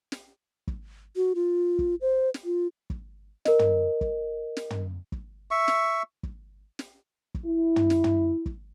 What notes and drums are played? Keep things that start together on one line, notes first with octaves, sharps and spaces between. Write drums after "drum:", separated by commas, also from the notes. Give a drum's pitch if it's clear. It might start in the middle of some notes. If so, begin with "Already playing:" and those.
drum: snare
drum: kick
F#4
F4
drum: kick
C5
drum: snare
F4
drum: kick
A#4 D#5, drum: snare
drum: tom
drum: kick
drum: snare
drum: tom
drum: kick
E5 C#6
drum: snare
drum: kick
drum: snare
drum: kick
E4
drum: tom
drum: snare
drum: tom
drum: kick